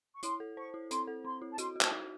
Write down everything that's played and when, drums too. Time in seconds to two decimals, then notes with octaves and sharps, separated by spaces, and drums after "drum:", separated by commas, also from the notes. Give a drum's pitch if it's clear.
0.14 C#6
0.23 E4 C6, drum: hi-hat
0.40 A4
0.57 C5 C#6
0.74 E4
0.91 C4 C6, drum: hi-hat
1.07 A4
1.25 C4 C6
1.42 E4
1.52 A5
1.58 F#4 C6, drum: hi-hat
1.76 F#4
1.81 A5, drum: clap
1.92 D#4